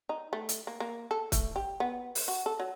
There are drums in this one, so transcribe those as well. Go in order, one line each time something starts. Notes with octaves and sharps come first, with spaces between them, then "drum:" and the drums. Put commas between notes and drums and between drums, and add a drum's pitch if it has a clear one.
D#4
A3
drum: hi-hat
A#3
A#3
A4
A3, drum: kick, hi-hat
G4
B3
drum: open hi-hat
F#4
A4
F#3